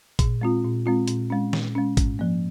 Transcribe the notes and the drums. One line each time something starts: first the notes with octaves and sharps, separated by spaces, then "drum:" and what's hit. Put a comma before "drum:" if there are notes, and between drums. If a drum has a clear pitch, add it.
A#2, drum: kick A1, hi-hat
G#3 C4 F4
A#2
G#3 C4 F4
A#2, drum: hi-hat
G#3 C#4
A#2, drum: snare
G#3 C#4
G#2, drum: kick A1, hi-hat
F3 A#3